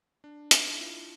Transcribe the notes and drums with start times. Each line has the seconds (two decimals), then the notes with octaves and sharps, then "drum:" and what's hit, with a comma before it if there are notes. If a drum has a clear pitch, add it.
0.24 D4
0.51 D#4, drum: hi-hat
0.73 E4
0.79 F4